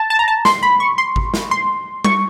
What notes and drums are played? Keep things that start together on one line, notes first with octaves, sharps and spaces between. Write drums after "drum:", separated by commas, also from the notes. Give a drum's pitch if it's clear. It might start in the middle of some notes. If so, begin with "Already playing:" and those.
Already playing: A5
A5
A#5
A5
C6, drum: snare
B5
C#6
C6
drum: kick G#1
drum: snare
C6
C#6, drum: tom G3